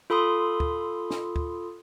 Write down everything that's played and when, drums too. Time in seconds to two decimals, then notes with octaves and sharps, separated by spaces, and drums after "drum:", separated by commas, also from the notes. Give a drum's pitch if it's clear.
0.10 F4 A4 B5 C6 D#6
0.60 drum: kick
1.10 drum: snare
1.36 drum: kick